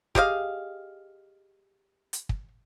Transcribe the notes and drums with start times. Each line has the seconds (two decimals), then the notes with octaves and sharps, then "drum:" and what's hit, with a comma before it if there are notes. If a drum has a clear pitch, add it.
0.15 G4 G#4 D#5 F5, drum: kick
2.13 drum: hi-hat
2.29 drum: kick